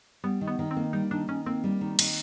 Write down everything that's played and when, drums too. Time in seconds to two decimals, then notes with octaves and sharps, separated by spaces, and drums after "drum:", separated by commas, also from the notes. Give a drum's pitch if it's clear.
0.24 G3 B3
0.41 D#3
0.47 B3
0.59 D#3
0.71 C4
0.76 A#3
0.93 G3 D#4
1.11 D#3 D4
1.28 D#3 C#4
1.46 A#3 C4
1.64 G3
1.81 D#3
1.99 D#3, drum: cymbal